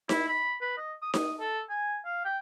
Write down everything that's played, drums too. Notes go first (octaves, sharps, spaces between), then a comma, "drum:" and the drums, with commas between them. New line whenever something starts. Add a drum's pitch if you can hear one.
E4, drum: snare D#4
B5
B4
D#5
D#6
D#6, drum: snare D#4
A4
G#5
F5
G5